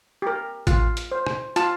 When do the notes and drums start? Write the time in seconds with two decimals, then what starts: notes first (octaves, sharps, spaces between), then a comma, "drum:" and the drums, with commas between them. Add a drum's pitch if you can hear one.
0.22 G4 A#4
0.67 F4, drum: kick A1, hi-hat
0.97 drum: hi-hat
1.12 C5
1.26 drum: rim click
1.56 F4 A5, drum: hi-hat